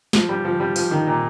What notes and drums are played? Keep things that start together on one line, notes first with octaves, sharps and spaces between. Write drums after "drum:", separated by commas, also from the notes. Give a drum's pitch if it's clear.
F3, drum: snare
G3
F3
G3
F3, drum: open hi-hat
D#3
A#2